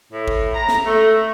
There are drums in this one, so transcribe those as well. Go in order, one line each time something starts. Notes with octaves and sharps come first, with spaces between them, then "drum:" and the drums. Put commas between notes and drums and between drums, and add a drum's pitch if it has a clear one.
A2
drum: kick
A#5
drum: snare
A3